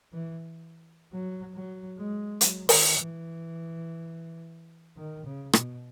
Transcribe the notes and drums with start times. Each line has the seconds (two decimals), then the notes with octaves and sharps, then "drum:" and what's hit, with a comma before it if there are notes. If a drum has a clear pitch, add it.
0.13 E3
1.12 F#3
1.55 F#3
1.98 G#3
2.41 F#3, drum: hi-hat
2.69 D#3, drum: open hi-hat
2.98 E3
4.97 D#3
5.25 C#3
5.53 B2, drum: rim click